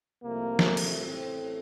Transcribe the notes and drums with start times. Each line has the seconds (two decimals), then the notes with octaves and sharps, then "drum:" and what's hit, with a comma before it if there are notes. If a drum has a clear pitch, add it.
0.23 C2 C3 F3 A3 A#3
0.59 drum: snare
0.77 drum: cymbal
1.06 A1 A2 A3 C4